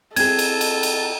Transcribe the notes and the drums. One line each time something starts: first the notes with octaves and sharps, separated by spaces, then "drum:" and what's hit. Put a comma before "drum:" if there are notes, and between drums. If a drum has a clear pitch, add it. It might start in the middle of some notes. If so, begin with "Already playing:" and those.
C4 G#4 A4 G#6, drum: cymbal
drum: cymbal
drum: cymbal
drum: cymbal